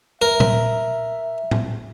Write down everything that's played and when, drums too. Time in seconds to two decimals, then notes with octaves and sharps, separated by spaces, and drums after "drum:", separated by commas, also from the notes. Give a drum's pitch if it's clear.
0.22 A#4 E5
0.40 drum: tom A#2
1.51 drum: tom A2